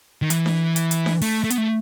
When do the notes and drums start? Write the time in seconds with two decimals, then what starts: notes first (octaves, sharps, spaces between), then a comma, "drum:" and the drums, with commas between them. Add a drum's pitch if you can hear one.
0.22 D#3
0.30 E3, drum: hi-hat
0.46 drum: snare D4
0.76 drum: hi-hat
0.91 drum: hi-hat
1.06 drum: snare D4
1.22 A3, drum: open hi-hat
1.44 A3
1.50 B3, drum: hi-hat
1.58 A3